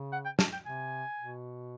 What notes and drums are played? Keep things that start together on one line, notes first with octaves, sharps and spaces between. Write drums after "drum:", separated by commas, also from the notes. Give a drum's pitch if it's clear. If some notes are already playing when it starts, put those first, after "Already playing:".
Already playing: C#3
F#5
G5
A5, drum: snare
G5
C3 G#5
B2